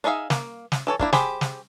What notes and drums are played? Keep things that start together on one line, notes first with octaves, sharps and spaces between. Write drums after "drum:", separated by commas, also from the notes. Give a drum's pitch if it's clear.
D4 D#4 G#4 E5 F5
A#3, drum: snare
drum: snare
E3 A4 C#5
A#3 D4 E4, drum: kick
G4 G#4 C5 B5, drum: snare
drum: snare